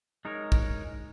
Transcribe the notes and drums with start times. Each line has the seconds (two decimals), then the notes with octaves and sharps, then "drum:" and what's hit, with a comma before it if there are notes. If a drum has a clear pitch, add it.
0.25 G#3 D#4 A#4 C#5
0.52 drum: kick